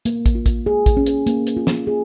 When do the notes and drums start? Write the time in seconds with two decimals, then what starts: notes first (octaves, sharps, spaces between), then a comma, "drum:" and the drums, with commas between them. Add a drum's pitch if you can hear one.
0.05 A#3, drum: hi-hat
0.26 drum: kick, hi-hat
0.35 F4
0.46 drum: kick, hi-hat
0.66 G#4
0.86 drum: kick, hi-hat
0.97 C#4
1.06 drum: hi-hat
1.27 A#3, drum: hi-hat
1.47 drum: hi-hat
1.57 F4
1.67 drum: snare
1.87 G#4